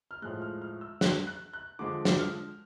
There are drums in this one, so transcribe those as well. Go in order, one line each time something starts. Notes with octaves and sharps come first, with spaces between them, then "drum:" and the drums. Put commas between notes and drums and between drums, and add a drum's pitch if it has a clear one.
F6
A2 F3 G#3 F#6
F6
F6
E6
F#6, drum: snare
F#6
F#6
D3 F3 G#3 D6
drum: snare
F6